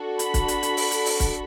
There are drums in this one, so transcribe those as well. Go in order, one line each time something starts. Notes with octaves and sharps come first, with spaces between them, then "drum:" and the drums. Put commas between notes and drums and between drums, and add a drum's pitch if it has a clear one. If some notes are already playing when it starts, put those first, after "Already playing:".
Already playing: D4 F#4 A4
B5, drum: hi-hat
drum: kick, hi-hat
drum: hi-hat
drum: hi-hat
drum: open hi-hat
drum: hi-hat
drum: open hi-hat
drum: kick, hi-hat